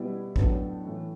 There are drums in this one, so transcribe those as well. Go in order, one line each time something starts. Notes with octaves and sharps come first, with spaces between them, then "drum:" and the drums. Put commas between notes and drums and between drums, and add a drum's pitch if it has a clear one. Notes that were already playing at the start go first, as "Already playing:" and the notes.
Already playing: B2 G3 B3 E4
A2 F#3 B3 D4 A4, drum: kick
A2 E3 A3